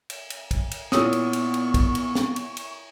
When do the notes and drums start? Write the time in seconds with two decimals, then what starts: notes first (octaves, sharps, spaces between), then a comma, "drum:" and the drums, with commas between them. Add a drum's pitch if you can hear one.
0.10 drum: cymbal
0.30 drum: cymbal
0.51 drum: kick, cymbal
0.71 drum: cymbal
0.92 A#2 B3 E4 C#5 C#6 D#6, drum: snare
1.13 drum: cymbal
1.33 drum: cymbal
1.54 drum: cymbal
1.74 drum: kick, cymbal
1.95 drum: cymbal
2.15 drum: snare
2.36 drum: cymbal
2.57 drum: cymbal